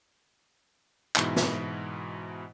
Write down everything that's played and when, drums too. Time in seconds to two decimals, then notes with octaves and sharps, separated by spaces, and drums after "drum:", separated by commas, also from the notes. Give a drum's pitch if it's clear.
1.16 G#2 B2 E3 E4, drum: clap
1.36 drum: snare